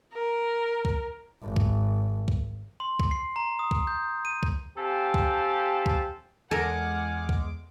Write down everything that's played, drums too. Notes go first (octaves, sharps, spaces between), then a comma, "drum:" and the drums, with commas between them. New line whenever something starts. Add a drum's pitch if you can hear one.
A#4
drum: kick C2
G#1
drum: kick C2
drum: kick C2
C6
drum: kick C2
C7
A#5
D#6
drum: kick C2
G6
D#7
drum: kick C2
C4 G4 A4 F5 G#5 A5
drum: kick C2
drum: kick C2
E2 G#3 A4 A#4 F#5 G#5 D6 F6
drum: kick C2